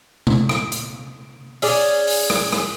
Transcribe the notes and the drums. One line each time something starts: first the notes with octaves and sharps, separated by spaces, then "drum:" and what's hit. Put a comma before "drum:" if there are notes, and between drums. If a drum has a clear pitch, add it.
drum: tom C3
drum: rim click
drum: hi-hat
C#4 G#4 D5, drum: open hi-hat
drum: open hi-hat
drum: rim click
drum: rim click